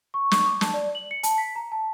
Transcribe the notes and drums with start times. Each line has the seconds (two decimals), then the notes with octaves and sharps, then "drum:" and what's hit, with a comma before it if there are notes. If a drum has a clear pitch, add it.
0.14 C#6
0.31 C#6, drum: snare
0.46 D6
0.61 A5, drum: snare
0.74 D5
0.95 F#7
1.11 C#7
1.23 A5, drum: hi-hat
1.38 B6
1.56 A#5
1.72 A5